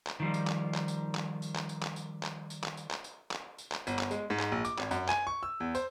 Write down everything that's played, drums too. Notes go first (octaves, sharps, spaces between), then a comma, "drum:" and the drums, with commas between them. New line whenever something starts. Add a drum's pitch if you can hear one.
drum: clap
D#3 F3 G3
drum: tambourine
drum: clap
drum: clap
drum: tambourine
drum: clap
drum: tambourine
drum: clap
drum: tambourine
drum: clap
drum: tambourine
drum: clap
drum: tambourine
drum: clap
drum: tambourine
drum: clap
drum: tambourine
drum: clap
drum: tambourine
drum: clap
G1, drum: tambourine
drum: clap
G#3, drum: tambourine
G#2
drum: clap
A#1
D6, drum: tambourine
G#1, drum: clap
F#2, drum: tambourine
G#5, drum: clap
C#6
E6
E2
C5, drum: tambourine